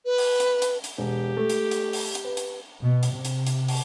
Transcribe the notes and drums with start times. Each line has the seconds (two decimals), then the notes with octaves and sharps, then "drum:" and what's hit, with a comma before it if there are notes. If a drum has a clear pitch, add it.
0.05 B4
0.18 drum: open hi-hat
0.40 drum: hi-hat
0.62 drum: hi-hat
0.84 drum: hi-hat
0.98 E1 G4
1.37 A3
1.49 drum: hi-hat
1.71 drum: hi-hat
1.93 drum: open hi-hat
2.15 drum: hi-hat
2.24 B4
2.37 drum: hi-hat
2.81 B2
3.03 drum: hi-hat
3.12 C3
3.25 drum: hi-hat
3.47 drum: hi-hat
3.68 drum: open hi-hat